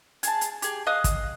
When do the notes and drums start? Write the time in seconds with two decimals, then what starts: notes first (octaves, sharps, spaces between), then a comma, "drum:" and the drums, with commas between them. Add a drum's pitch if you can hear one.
0.23 G#4 A5, drum: hi-hat
0.41 drum: hi-hat
0.62 G4 G#4, drum: hi-hat
0.86 D#5 F5 D#6 F#6
1.04 drum: kick, hi-hat